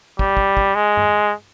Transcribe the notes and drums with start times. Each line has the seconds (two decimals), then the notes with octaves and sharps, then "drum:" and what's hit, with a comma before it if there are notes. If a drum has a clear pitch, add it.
0.19 G3, drum: kick
0.37 drum: kick
0.57 drum: kick
0.75 G#3
0.97 drum: tom G2